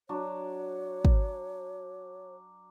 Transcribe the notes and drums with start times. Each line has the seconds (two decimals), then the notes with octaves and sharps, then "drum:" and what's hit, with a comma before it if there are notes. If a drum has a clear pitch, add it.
0.09 F#3 D4 F#4 C#5
1.05 drum: kick